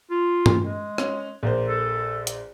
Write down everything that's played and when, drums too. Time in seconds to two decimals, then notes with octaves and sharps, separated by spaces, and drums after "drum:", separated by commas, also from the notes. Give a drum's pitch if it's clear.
0.11 F4
0.46 drum: tom G2
0.64 G#3
0.98 C#4, drum: rim click
1.43 A#1 A#3 C5
1.68 A4
2.27 drum: hi-hat